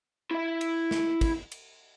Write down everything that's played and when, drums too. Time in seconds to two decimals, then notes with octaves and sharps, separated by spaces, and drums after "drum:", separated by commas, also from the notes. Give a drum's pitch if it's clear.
0.31 E4 E5
0.61 drum: cymbal
0.91 drum: snare
1.21 drum: kick, cymbal
1.52 drum: cymbal